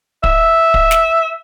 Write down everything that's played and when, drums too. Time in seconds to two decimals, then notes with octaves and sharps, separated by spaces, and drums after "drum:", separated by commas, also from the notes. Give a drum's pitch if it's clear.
0.24 E5, drum: kick
0.74 drum: kick
0.91 drum: snare